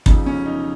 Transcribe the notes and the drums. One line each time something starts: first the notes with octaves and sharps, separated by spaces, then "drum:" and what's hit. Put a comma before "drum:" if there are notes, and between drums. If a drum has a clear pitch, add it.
F1 F2 C#3 F3 D#4, drum: kick
C#4
D#4